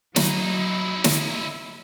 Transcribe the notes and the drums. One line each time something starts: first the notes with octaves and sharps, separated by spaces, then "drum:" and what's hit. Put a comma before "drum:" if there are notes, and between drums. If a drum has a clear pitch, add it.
F#3 D#4 E4, drum: snare
drum: snare